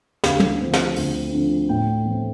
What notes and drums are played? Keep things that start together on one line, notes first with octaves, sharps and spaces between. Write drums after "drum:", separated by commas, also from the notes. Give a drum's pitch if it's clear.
D2 F5, drum: snare
drum: tom
D3 F3 C4
drum: snare
D2, drum: open hi-hat
D3 F3 C4
A2 G5
E3 A3 C4